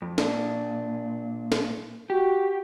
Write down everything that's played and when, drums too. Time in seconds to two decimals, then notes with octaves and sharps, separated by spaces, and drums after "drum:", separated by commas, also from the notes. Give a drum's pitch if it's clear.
0.02 F2
0.18 A#2 D4, drum: snare
1.52 drum: snare
2.10 F#4 G4